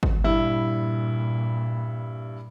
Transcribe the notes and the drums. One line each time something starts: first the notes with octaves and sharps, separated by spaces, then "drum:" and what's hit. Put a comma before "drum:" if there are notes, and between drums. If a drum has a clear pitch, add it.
drum: kick G#1
G2 A#2 E4